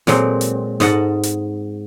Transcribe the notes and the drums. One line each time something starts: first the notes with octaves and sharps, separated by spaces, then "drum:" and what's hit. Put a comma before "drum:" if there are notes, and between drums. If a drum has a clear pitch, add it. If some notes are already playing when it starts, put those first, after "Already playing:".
A#2 F#3 G#3 C4, drum: snare
drum: hi-hat
G#2 D#5 F#5 A5, drum: snare
drum: hi-hat